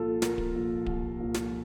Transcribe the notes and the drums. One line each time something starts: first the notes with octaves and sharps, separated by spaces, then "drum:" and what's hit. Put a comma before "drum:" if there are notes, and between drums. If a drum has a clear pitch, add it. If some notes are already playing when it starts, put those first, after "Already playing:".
Already playing: C2 A#2 F3 F4 A4
C2 A#4, drum: snare
drum: kick D1
A#2 F3
C2, drum: kick D1
A#2 F3
drum: snare